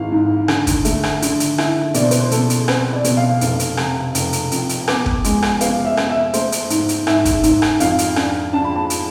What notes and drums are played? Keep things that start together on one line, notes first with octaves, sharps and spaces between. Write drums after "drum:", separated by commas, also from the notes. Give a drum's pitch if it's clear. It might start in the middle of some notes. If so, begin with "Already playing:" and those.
Already playing: G#1 E3 F5
G#2
D3, drum: rim click
drum: kick, hi-hat
A3, drum: hi-hat
drum: rim click
D3, drum: hi-hat
drum: hi-hat
E4, drum: rim click
B2 D5, drum: hi-hat
C5
B4, drum: hi-hat
C5
B2 A4, drum: hi-hat
drum: hi-hat
C4 B4, drum: rim click
D5
B2, drum: hi-hat
F5
F1, drum: hi-hat
drum: hi-hat
C3, drum: rim click
F1, drum: hi-hat
drum: hi-hat
F2, drum: hi-hat
drum: hi-hat
B3 D6, drum: rim click
drum: kick
G#3, drum: hi-hat
drum: rim click
B3 F5, drum: hi-hat
E5
B3, drum: rim click
E5
A3 C5, drum: hi-hat
drum: hi-hat
G#2, drum: hi-hat
drum: hi-hat
G#2 E5, drum: rim click
drum: kick, hi-hat
G#2, drum: hi-hat
drum: rim click
F2 F5, drum: hi-hat
drum: hi-hat
D4, drum: rim click
D4 A5
B5
A5
drum: hi-hat